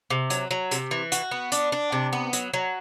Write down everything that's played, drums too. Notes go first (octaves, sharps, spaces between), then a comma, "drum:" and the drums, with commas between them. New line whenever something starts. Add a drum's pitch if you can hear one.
C3
F#3, drum: hi-hat
F#3
C3, drum: hi-hat
E3
F#4, drum: hi-hat
B3
D4, drum: hi-hat
D4
C3
B3
F#3, drum: hi-hat
F#3